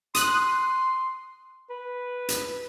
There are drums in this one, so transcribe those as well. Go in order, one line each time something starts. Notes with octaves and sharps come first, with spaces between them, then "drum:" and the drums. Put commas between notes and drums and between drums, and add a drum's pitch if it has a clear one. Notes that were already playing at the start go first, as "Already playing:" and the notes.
C6 D#6 F#6, drum: hi-hat
B4
drum: hi-hat